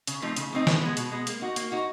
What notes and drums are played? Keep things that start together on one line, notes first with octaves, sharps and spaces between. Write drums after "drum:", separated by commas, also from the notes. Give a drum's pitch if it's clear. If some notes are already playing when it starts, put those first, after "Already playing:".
C#3, drum: hi-hat
F3 A3 C4 D#4
C#3, drum: hi-hat
F3 A3 C4 D#4
B2, drum: snare
G#3 B3
B2, drum: hi-hat
G#3 B3
A#3, drum: hi-hat
D#4 F#4
A#3, drum: hi-hat
D#4 F#4